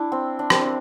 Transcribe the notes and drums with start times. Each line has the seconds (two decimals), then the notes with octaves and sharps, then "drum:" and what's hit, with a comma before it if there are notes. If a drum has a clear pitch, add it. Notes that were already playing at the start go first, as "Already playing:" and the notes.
Already playing: D4 E4
0.12 C4
0.39 D4
0.50 C4, drum: rim click
0.62 D4